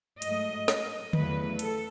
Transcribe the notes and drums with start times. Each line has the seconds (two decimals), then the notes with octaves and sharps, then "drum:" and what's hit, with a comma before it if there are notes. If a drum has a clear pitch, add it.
0.22 G#2 F#3 A3 D#5, drum: hi-hat
0.68 D#5, drum: snare
1.13 E2 C#3 F#3 A3 B4, drum: tom D3
1.59 A4, drum: hi-hat